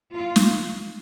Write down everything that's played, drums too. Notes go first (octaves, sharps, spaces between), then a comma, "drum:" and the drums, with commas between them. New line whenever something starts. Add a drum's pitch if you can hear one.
F4
drum: snare